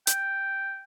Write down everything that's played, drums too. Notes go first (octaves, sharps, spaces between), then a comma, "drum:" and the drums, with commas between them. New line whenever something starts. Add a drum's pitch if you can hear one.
G5, drum: hi-hat